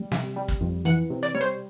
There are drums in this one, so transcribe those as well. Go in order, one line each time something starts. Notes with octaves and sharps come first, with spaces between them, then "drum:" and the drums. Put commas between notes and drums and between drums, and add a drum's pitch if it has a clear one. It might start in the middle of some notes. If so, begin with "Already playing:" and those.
Already playing: G3
C3, drum: snare
G3
drum: kick, hi-hat
F2
E3 F#5, drum: hi-hat
C3
D5, drum: hi-hat
G3 C#5
C5, drum: hi-hat